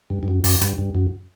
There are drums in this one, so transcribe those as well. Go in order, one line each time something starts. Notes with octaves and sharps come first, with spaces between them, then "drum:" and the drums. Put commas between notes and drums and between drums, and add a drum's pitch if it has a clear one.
G2
G2
F#2
F#2, drum: open hi-hat
G2, drum: hi-hat
G2
F#2